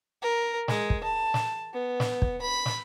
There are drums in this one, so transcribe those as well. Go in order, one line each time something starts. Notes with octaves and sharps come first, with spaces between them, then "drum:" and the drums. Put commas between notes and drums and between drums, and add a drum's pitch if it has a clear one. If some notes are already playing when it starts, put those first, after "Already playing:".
A#4
G#3, drum: snare
drum: kick
A5
drum: snare
B3
drum: snare
drum: kick
B5
drum: snare